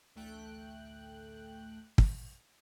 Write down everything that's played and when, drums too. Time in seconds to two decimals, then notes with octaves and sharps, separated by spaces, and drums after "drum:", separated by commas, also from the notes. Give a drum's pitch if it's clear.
0.15 A1 D2 A3 G5 F#6
1.98 drum: kick